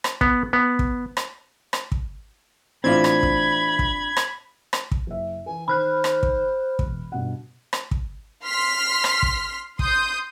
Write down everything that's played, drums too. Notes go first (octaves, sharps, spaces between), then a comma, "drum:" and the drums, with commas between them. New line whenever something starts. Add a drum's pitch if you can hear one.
drum: rim click
B3, drum: kick
B3
drum: kick
drum: rim click
drum: rim click
drum: kick
A2 E3 C4 D4 F4 B5 G#6
drum: rim click
drum: kick
drum: kick
drum: rim click
drum: rim click
drum: kick
F#1 E5
E3 B4 G#5
D#3 C5 B5 F6 F#6
drum: rim click
drum: kick
E1, drum: kick
G2 B2 F#5
drum: rim click
drum: kick
C6 F6 B6
drum: rim click
drum: kick
C6 D#6 G6, drum: kick